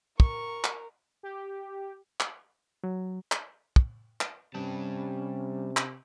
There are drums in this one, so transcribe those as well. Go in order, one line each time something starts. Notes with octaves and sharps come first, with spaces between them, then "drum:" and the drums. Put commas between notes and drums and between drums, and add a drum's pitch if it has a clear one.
A#4 C#6, drum: kick
drum: clap
G4
drum: clap
F#3
drum: clap
drum: kick
drum: clap
C3 G3 C#4 A5
drum: clap